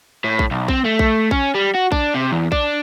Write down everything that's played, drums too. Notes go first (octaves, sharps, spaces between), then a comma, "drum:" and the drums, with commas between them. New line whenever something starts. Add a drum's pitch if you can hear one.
A2
drum: kick A#1
B1
C4, drum: kick A#1
A3
drum: kick A#1
C#4, drum: kick A#1
G3
F#4
D4, drum: kick A#1
C3
E2
D4, drum: kick A#1